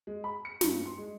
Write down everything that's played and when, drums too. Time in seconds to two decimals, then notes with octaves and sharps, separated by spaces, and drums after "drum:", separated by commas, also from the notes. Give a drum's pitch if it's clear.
0.07 G#3
0.24 B5
0.45 C#7
0.61 G2, drum: snare
0.85 C6
0.98 G#3